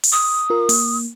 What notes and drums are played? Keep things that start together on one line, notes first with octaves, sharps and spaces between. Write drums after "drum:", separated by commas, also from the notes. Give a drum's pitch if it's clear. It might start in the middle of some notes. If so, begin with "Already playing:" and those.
drum: open hi-hat
D#6
F4 A#4
A#3, drum: open hi-hat